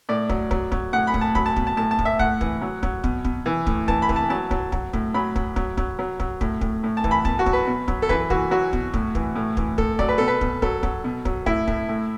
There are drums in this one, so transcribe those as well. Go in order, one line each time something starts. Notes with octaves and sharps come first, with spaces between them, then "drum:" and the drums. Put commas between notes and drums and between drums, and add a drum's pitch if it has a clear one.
A2 D5
F#3, drum: kick
F#3, drum: kick
F#3, drum: kick
A2 F#5
B5
A2, drum: kick
A5
F#3 B5, drum: kick
A5
B2, drum: kick
A5
A2 A5
A5
A2, drum: kick
E5
A2 F#5, drum: kick
E3, drum: kick
F#3
F#3, drum: kick
B2, drum: kick
B2, drum: kick
E3
A2, drum: kick
E3 A5, drum: kick
B5
E3, drum: kick
A5
F#3 A5
F#3, drum: kick
F#3, drum: kick
A2, drum: kick
F#3 B5
F#3, drum: kick
F#3, drum: kick
F#3, drum: kick
F#3
F#3, drum: kick
A2, drum: kick
A2, drum: kick
A2
A5
E3, drum: kick
B5
B2 A5, drum: kick
F#4
F#3, drum: kick
B4
B2
F#3, drum: kick
A4
E3 B4, drum: kick
E3 F#4, drum: kick
F#3 F#4
B2, drum: kick
A2, drum: kick
E3, drum: kick
A2
E3, drum: kick
A2 A4, drum: kick
F#3 D5, drum: kick
B4
B2 A4
B4
B2, drum: kick
F#3 A4, drum: kick
F#3, drum: kick
B2
F#3, drum: kick
A2 E4, drum: kick
A2, drum: kick
A2